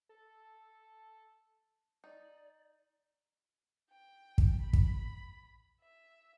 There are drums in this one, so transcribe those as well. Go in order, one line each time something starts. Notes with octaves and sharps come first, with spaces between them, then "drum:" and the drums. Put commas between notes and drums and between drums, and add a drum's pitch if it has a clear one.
A4
D#4 D5
G5
drum: kick
B5
drum: kick
E5